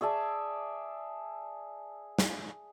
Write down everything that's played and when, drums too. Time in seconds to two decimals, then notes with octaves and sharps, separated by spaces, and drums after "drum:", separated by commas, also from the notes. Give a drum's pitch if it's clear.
0.01 G#4 D5 E5 A5
2.19 drum: snare